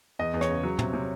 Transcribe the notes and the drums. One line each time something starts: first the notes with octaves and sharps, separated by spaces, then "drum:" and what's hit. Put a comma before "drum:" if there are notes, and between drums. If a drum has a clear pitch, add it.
E2 D#5
E2
C#5, drum: rim click
C#3
F#3
C3, drum: tom
C3